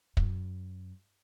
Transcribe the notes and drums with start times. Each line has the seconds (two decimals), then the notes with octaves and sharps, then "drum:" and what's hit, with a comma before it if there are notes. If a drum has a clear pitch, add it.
0.17 F#2, drum: kick